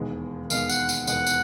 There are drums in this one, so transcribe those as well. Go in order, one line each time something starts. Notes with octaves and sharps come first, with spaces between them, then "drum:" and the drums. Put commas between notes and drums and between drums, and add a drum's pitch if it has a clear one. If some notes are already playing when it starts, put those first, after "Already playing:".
Already playing: E1 D#2 D#3 G#3 B3
E1 D#2 D#3 G#3 B3 F5, drum: tambourine
F#5, drum: tambourine
F#5, drum: tambourine
E1 D#2 D#3 G#3 B3 F#5, drum: tambourine
drum: tambourine